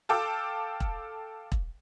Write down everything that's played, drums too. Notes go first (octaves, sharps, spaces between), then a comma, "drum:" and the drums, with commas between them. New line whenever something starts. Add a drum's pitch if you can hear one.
A4 F5 G5 A5 D6 E6
drum: kick E1
drum: kick E1